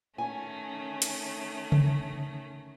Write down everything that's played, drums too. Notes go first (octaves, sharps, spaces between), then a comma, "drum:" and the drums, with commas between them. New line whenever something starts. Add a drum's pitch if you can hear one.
D#3 A3 C#4 G#5
drum: hi-hat
drum: tom C#3